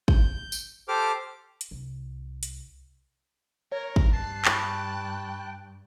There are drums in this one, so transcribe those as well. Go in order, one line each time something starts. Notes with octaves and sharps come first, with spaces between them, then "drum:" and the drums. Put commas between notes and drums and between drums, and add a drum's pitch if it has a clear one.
G6, drum: kick
drum: tambourine
G4 A4 C5 D6 F6
drum: hi-hat
C2
drum: hi-hat
A#4 C#5
drum: kick
G2 A5 F#6 C7
G5 B5 C#6, drum: clap